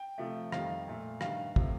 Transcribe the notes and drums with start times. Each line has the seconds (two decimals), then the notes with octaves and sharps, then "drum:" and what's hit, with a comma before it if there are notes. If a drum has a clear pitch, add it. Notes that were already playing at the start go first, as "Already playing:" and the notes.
Already playing: G5
0.18 C3 F3 A3
0.52 F2 D#3 G3 F5, drum: rim click
0.87 A#2 A3
1.21 G2 D#3 G3 F5, drum: rim click
1.56 C3 F3 A3, drum: kick